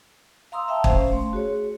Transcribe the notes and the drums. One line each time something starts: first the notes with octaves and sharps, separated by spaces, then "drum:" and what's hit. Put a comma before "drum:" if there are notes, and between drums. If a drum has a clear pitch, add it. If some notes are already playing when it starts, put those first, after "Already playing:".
F5 A#5 C6 D#6 E6
E5 F5 G5 A5
C#4 C5 F5, drum: kick
A3 C6
F#4 G#4 C#5